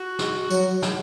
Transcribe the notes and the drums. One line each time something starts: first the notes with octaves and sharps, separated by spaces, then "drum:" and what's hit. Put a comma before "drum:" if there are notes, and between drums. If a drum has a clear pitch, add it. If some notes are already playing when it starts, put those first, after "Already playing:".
Already playing: F#4
drum: snare
F#3, drum: tambourine
drum: snare